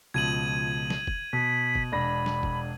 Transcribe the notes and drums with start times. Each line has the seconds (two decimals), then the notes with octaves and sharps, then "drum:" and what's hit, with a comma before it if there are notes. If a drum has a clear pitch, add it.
0.14 C#2 B2 F3 G#6 D#7 F#7
0.90 drum: snare
1.07 drum: kick
1.33 B2 B6
1.75 drum: kick
1.92 E1 D4 B5 A#6
2.26 drum: snare
2.43 drum: kick